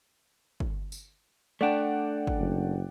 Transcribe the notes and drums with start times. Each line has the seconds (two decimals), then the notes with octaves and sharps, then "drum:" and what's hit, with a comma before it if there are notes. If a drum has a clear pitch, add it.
0.60 drum: kick
0.92 drum: tambourine
1.61 A3 D4 D5 F#5 G5
2.27 drum: kick
2.37 F#1